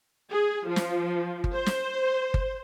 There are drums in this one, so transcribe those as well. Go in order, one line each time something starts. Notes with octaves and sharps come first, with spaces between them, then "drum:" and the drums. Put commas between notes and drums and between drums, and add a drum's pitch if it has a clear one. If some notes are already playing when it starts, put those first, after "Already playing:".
G#4
F3
drum: snare
drum: kick G1
C5
drum: snare
drum: kick G1